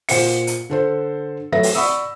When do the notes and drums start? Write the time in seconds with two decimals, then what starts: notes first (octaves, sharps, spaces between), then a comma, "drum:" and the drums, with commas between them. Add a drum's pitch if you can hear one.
0.09 A#2 C5 F#5 C#7, drum: open hi-hat
0.47 drum: hi-hat
0.70 D3 A4 C5
1.52 F#3 A3 B4 E5 A#6
1.63 drum: open hi-hat
1.75 D5 F#5 B5 C#6 D#6 E6